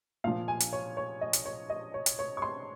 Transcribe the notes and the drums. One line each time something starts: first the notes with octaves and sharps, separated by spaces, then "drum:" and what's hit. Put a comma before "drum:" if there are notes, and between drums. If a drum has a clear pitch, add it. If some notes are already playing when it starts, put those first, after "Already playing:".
A#2 F3 F5
G#5
drum: hi-hat
C#5
C#5
D#5
drum: hi-hat
C#5
D#5
C#5
drum: hi-hat
C#5
C#6
C6